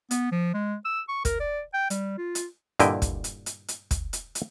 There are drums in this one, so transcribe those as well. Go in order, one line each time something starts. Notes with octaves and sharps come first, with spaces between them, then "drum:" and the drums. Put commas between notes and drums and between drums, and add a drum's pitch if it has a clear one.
B3, drum: hi-hat
F3
G#3
E6
C#6
A#4, drum: kick, hi-hat
D5
G5
G3, drum: hi-hat
F4
drum: hi-hat
G2 A#2 D3 E4 D#5 G5, drum: hi-hat
drum: kick, hi-hat
drum: hi-hat
drum: hi-hat
drum: hi-hat
drum: kick, hi-hat
drum: hi-hat
drum: hi-hat